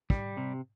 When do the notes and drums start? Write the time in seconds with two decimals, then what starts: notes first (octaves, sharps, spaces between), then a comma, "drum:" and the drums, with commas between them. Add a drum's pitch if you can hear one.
0.10 G3, drum: kick
0.37 C3